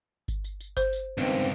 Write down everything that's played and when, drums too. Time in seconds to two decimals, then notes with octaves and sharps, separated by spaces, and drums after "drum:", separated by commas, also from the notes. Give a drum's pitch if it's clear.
0.28 drum: kick G1, tambourine
0.44 drum: tambourine
0.61 drum: tambourine
0.77 C5, drum: kick G1, tambourine
0.93 drum: tambourine
1.18 C#2 G2 D#3 B3 C4